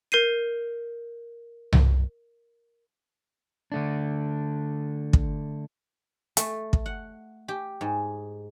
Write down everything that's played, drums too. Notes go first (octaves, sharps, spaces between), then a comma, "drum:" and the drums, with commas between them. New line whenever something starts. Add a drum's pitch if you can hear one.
A#4 G6 C7 D#7
drum: tom C2
D3 A3 D4
drum: kick
A3, drum: hi-hat
drum: kick
F#5
G4
G#2